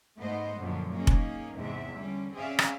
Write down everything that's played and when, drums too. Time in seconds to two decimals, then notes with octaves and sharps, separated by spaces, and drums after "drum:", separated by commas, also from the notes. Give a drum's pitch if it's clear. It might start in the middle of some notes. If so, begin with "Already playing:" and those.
0.21 G#2 A3 B3 C5 D#5
0.59 F#2 A#2 D3 F3
0.95 A#3 C#4 D#4 G#4
1.07 drum: kick F1
1.56 E2 G#2 C3 G#3 E5
1.97 D3 G3 C#4
2.36 C4 C#4 G#4 D5 E5 F5
2.59 drum: rim click